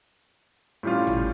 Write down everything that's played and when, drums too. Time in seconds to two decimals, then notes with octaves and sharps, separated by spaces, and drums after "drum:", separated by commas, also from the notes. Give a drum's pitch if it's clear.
0.83 A2 G3 C#4 F4
1.07 drum: tom G#1